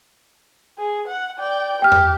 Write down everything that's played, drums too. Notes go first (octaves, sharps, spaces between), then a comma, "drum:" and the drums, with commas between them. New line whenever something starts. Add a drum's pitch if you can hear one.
G#4
F#5
D5 G5
G4 G5 F6
drum: tom E2